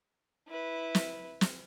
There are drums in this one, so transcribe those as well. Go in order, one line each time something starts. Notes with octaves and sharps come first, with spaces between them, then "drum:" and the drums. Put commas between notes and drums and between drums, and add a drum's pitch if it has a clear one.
E4 B4
drum: snare
drum: snare